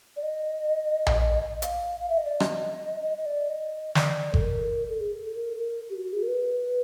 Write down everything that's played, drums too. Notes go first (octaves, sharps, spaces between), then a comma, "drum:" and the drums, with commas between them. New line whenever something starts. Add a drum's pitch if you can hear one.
D5
D#5
drum: tom A#1
F5, drum: hi-hat
F5
E5
D#5
D5
D#5, drum: rim click
D#5
D#5
D5
D#5
D5, drum: snare
A4, drum: kick G1
A#4
A4
G#4
A4
A#4
A#4
G4
F#4
G#4
A#4
B4